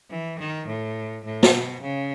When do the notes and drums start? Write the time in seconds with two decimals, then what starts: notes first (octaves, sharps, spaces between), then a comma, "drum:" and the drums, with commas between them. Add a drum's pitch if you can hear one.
0.11 E3
0.40 D#3
0.68 A2
1.25 A2
1.43 drum: snare
1.53 B2
1.82 C#3